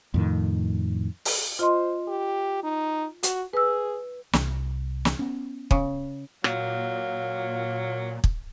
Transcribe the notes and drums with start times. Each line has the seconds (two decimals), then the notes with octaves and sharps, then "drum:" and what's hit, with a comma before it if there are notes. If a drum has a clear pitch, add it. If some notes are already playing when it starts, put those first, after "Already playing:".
0.14 F2 A2 D#3
1.25 drum: open hi-hat
1.59 F4 C5 D#5 C6
2.08 G4
2.63 D#4
3.23 F#4, drum: hi-hat
3.54 G#4 B4 E6
4.33 C2, drum: snare
5.05 drum: snare
5.19 B3 C#4
5.71 C#3, drum: kick
6.44 A#2 F#3 F5, drum: rim click
8.24 drum: kick